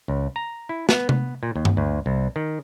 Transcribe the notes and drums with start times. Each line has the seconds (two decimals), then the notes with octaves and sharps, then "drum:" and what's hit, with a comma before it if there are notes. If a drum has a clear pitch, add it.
0.08 C#2
0.36 A#5
0.69 E4
0.89 B3, drum: snare
1.09 B3, drum: tom C3
1.43 A#2
1.56 D#2
1.65 drum: tom G2
1.77 D2
2.06 C2
2.36 D#3